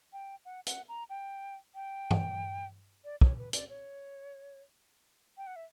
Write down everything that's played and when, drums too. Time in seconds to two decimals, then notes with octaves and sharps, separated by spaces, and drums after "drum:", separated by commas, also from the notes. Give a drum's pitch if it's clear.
0.13 G5
0.45 F#5
0.67 F#5, drum: hi-hat
0.89 A#5
1.10 G5
1.75 G5
2.11 drum: tom G2
3.04 D5
3.21 C#5, drum: kick
3.38 B4
3.53 D5, drum: hi-hat
3.70 C#5
5.37 G5
5.47 F#5
5.56 E5